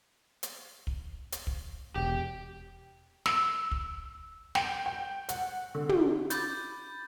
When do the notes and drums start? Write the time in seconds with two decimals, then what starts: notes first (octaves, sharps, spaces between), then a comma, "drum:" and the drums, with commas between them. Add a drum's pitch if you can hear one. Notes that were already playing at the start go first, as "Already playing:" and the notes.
0.43 drum: hi-hat
0.87 drum: kick
1.32 drum: hi-hat
1.47 drum: kick
1.95 E1 G4
3.26 E6, drum: snare
3.71 drum: kick
4.55 G5, drum: snare
4.86 G5
5.29 F#5, drum: hi-hat
5.75 D3
5.89 drum: tom
6.30 B5 D6 F#6 G6 A6, drum: hi-hat